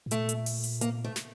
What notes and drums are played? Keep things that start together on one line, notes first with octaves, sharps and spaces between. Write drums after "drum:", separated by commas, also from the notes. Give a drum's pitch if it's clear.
A2
A#2 A3, drum: hi-hat
drum: hi-hat
drum: open hi-hat
drum: hi-hat
A#3, drum: hi-hat
A3
drum: snare